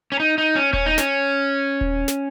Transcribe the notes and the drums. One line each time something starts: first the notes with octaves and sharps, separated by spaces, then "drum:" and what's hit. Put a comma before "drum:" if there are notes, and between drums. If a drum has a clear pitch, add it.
C#4
D#4
D#4
C#4
C#4, drum: kick D#1
D#4
C#4, drum: snare
drum: kick D#1
drum: snare